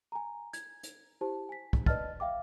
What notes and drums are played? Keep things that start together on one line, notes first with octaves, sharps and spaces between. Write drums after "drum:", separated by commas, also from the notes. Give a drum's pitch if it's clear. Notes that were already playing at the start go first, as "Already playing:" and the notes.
G#5 A#5
G#6, drum: hi-hat
drum: hi-hat
E4 G4 C5 A5
G#5 B6
drum: kick
B4 D5 D#5 A5 F6 A6, drum: kick
E5 F5 G5 D6